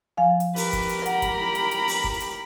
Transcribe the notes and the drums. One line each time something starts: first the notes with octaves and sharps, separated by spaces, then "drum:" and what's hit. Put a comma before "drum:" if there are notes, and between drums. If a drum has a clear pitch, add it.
F3 F5 G#5
drum: hi-hat
G4 A#4 B4, drum: open hi-hat
drum: kick, hi-hat
drum: hi-hat
F#5 A#5 B5, drum: hi-hat
drum: kick, hi-hat
drum: hi-hat
drum: hi-hat
drum: open hi-hat
drum: kick
drum: hi-hat